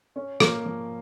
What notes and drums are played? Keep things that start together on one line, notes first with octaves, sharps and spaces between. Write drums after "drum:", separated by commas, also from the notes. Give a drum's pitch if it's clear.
C#4
A#3, drum: rim click
F3